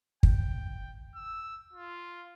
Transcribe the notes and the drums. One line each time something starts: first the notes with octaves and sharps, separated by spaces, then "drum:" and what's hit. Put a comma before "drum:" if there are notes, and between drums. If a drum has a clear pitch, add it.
G5, drum: kick
E6
F4